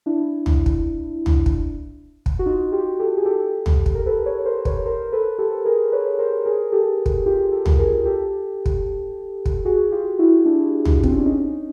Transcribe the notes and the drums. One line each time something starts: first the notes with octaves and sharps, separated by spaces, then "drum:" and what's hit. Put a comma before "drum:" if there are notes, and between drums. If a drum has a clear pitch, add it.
D4 E4
drum: tom
drum: kick
drum: tom
drum: kick
drum: kick
F#4
D#4 F4
F4 G4
G4 A4
G#4
G4 A4
drum: tom
drum: kick
A#4
A4 B4
B4 C#5
A#4 C5
B4 C#5, drum: kick
C#5
A#4 C5
A4 B4
G4 A4
G#4 A#4
B4 C#5
A#4 C5
G#4 A#4
G4 A4
drum: kick
F4 G4
G4 A4
drum: tom
G#4 A#4
G4 A4
drum: kick
drum: kick
F#4 G#4
F4 G4
E4 F#4
D4 E4
drum: tom
C4, drum: kick
C#4
D4
C#4 D#4